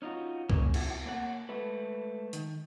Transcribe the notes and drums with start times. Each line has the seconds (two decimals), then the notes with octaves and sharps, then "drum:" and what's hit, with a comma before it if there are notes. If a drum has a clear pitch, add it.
0.02 C#4 D#4 F4 F#4
0.50 A#3 C#4 D#4 G#4 C#5, drum: kick
0.74 C3 E4 F#4, drum: cymbal
1.06 A#3 C#5 F#5
1.49 G#3 A3 B4
2.33 D#3, drum: hi-hat